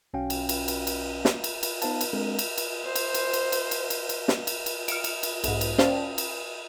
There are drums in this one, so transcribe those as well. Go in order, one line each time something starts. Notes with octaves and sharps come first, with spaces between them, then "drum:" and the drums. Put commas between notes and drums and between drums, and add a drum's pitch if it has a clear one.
B1 C#4 F#4 F5 G5
drum: cymbal
drum: cymbal
drum: cymbal
drum: cymbal
drum: snare
drum: cymbal
drum: cymbal
B3 D#4 C5 F5 A5, drum: cymbal
drum: cymbal
G#3 C4 D4 A4 A#4
drum: cymbal
drum: cymbal
C5
drum: cymbal
drum: cymbal
drum: cymbal
drum: cymbal
drum: cymbal
drum: cymbal
drum: cymbal
drum: snare
drum: cymbal
drum: cymbal
F6 C#7 D7, drum: cymbal
drum: cymbal
drum: cymbal
B1 G#2, drum: cymbal
drum: cymbal
C#4 C5 D5 F5 G5 A5, drum: snare
drum: cymbal